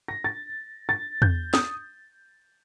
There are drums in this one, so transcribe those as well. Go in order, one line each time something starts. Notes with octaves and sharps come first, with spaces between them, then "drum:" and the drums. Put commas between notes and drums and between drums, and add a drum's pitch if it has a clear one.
A#6
A6
A6
G6, drum: tom E2
D#6, drum: snare